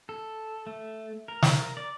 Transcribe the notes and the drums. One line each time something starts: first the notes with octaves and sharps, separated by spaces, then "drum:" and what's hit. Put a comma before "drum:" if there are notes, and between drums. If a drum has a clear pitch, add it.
A4
A3
A#4
drum: snare
D5